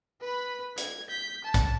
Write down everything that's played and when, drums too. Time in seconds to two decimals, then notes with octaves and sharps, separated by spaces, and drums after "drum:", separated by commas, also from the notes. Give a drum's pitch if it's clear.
0.21 B4 B5
0.77 G#6, drum: hi-hat
1.09 G6 B6
1.44 A5
1.54 drum: kick A#1, hi-hat